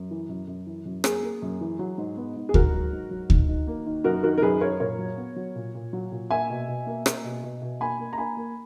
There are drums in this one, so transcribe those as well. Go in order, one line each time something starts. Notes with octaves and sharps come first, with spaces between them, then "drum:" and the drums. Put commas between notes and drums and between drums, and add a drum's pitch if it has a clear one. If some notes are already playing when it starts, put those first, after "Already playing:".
Already playing: F#2
E3
F#2
F#2
E3
F#2
A#3 G#4, drum: rim click
A#3
F#2
E3
F#3
G#2
B3
G#2
G#4
G#2 F#4 A#4, drum: kick D2
F#3
G#2
F#3
D#3, drum: kick D2
D#3
A#3
D#3
F#2 F#4 A#4
D#3 F#4 A#4
A#4
F#2 G#4 B4
F#2 A#4 C#5
A#2 A#4 C#5
F#3
B3
F#3
A#2
A#2
F#3
A#2
A#3 E5 G#5
B2
B2
A#3
A#3, drum: rim click
B2
B2
B2
A#3 G#5 B5
A#3
A#5
A#3 G#5 B5
A#3